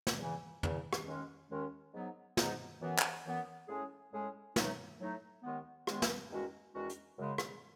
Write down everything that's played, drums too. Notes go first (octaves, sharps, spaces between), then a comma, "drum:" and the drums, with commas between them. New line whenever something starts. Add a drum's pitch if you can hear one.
drum: snare
E2 C#3 E3
E2 C#3 E3, drum: tom
drum: rim click
D#2 D#3 G#3 C#4
D#2 D#3 G#3 C#4
G#2 F#3 B3 D#4
G#2 F#3 B3 D#4, drum: snare
F#2 E3 B3
drum: clap
F#2 E3 B3
A2 G#3 C#4 G#4
A2 G#3 C#4 G#4
A2 F#3 A3 D#4, drum: snare
A2 F#3 A3 D#4
D#2 D#3 G#3 B3
D#2 D#3 G#3 B3, drum: rim click
drum: snare
E2 D#3 G#3 C#4 F#4
E2 D#3 G#3 C#4 F#4
drum: hi-hat
F#2 C#3 G#3
drum: rim click